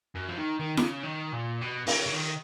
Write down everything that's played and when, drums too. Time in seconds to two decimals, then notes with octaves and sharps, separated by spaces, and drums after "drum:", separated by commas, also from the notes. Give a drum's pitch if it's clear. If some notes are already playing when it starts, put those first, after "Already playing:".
0.15 F#2
0.28 F3
0.38 D#3
0.60 D#3
0.77 D#3, drum: snare
0.81 C#3
1.03 D#3
1.33 A#2
1.62 B2
1.87 B2, drum: open hi-hat
1.91 C#3
2.07 C#3
2.13 D#3